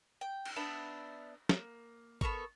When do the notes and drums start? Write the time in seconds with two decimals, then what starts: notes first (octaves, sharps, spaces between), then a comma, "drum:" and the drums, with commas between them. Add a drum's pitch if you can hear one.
0.21 G5
0.45 drum: cymbal
0.56 B3 D4 E5 E6
1.49 A#3, drum: snare
2.21 B3 A4 A#4 C#6, drum: kick G#1